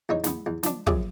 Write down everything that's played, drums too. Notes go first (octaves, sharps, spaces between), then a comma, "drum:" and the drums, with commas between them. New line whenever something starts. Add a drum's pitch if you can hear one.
E2 D#4 C#5
E2 B3, drum: snare
E2
F3 D4, drum: snare
A#1 F#2 C3 G#4 C#5 D6, drum: kick